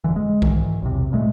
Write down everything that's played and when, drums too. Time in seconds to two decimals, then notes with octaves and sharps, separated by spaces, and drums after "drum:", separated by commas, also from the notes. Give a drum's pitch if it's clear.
0.04 F1 D3 E3
0.16 G#3
0.42 G#1 G#2 D#3 E3, drum: kick B1
0.82 B1 E2 C3
1.12 D2 A#2 G#3 A3